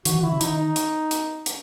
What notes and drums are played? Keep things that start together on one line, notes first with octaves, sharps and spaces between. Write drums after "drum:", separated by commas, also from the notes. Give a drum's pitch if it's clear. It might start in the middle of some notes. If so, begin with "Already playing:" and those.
D#3 F#4, drum: hi-hat
E3
F#4
D#3 E4
C#3
D#3 D#4, drum: hi-hat
D#4
drum: hi-hat
drum: hi-hat
drum: hi-hat